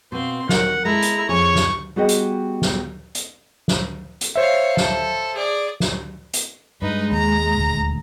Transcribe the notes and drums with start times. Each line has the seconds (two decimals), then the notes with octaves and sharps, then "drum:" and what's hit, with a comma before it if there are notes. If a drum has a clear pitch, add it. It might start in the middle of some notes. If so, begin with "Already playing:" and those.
0.12 B2 C4 B4 F5 C6
0.49 F#3 D#4 A#4 F#5, drum: snare
0.85 G#3 E4 A4 A#5
1.02 drum: hi-hat
1.29 F2 G#4 C#5 C#6
1.56 drum: snare
1.96 G3 B3 F#4 G#4 D#5 G5
2.09 drum: hi-hat
2.62 drum: snare
3.15 drum: hi-hat
3.68 drum: snare
4.21 drum: hi-hat
4.36 C5 C#5 E5 F5
4.77 A4, drum: snare
5.35 G#4 D5
5.80 drum: snare
6.33 drum: hi-hat
6.82 G2 G#3 D#4 B4
7.12 D#2 A#5
7.57 D#1 D2